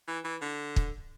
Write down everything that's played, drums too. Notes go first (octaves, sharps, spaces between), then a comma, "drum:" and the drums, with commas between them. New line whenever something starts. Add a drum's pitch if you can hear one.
E3
E3
D3
drum: kick